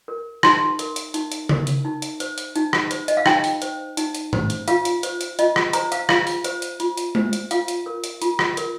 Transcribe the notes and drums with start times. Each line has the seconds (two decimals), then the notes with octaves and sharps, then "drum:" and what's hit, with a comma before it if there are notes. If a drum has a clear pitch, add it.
0.08 A#4
0.43 D#4 C6, drum: rim click
0.79 A#4, drum: hi-hat
0.96 drum: hi-hat
1.14 D#4, drum: hi-hat
1.32 drum: hi-hat
1.49 A#4, drum: tom C#3
1.67 drum: hi-hat
1.85 D#4
2.02 drum: hi-hat
2.20 C5, drum: hi-hat
2.38 drum: hi-hat
2.56 D#4, drum: hi-hat
2.73 drum: rim click
2.91 C5, drum: hi-hat
3.08 D#5, drum: hi-hat
3.17 F5
3.26 D#4 G5, drum: rim click
3.44 drum: open hi-hat
3.62 C5, drum: hi-hat
3.97 D#4, drum: hi-hat
4.15 drum: hi-hat
4.33 C5, drum: tom G2
4.50 drum: hi-hat
4.68 F4 F5, drum: hi-hat
4.85 drum: hi-hat
5.03 C5, drum: hi-hat
5.21 drum: hi-hat
5.39 F4 D#5, drum: hi-hat
5.56 drum: rim click
5.73 C5 A#5, drum: hi-hat
5.92 F5, drum: hi-hat
6.09 F4 F5, drum: rim click
6.27 drum: open hi-hat
6.44 C5, drum: hi-hat
6.62 drum: hi-hat
6.80 F4, drum: hi-hat
6.98 drum: hi-hat
7.15 C5, drum: tom G#3
7.33 drum: hi-hat
7.51 F4 F5, drum: hi-hat
7.68 drum: hi-hat
7.86 A#4
8.04 drum: hi-hat
8.22 F4, drum: hi-hat
8.39 drum: rim click
8.57 A#4, drum: hi-hat